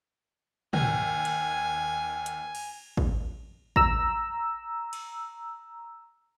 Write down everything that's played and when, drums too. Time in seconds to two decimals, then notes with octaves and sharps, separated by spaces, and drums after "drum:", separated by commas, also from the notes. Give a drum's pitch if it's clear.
0.73 D#2 G#5, drum: tom
1.25 drum: cymbal
2.26 drum: hi-hat
2.55 drum: cymbal
2.97 drum: kick A1
3.76 A#5 E6, drum: kick A1
4.93 drum: cymbal